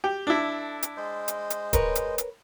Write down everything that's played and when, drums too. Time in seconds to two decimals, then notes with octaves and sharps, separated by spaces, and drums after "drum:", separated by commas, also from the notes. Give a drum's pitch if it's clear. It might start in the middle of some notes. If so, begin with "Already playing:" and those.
0.04 G4
0.27 D4 E4 A4
0.83 drum: hi-hat
0.97 G#3 C5 D#5
1.28 drum: hi-hat
1.50 drum: hi-hat
1.73 A#4 B4 C#5, drum: kick D1, hi-hat
1.95 drum: hi-hat
2.18 drum: hi-hat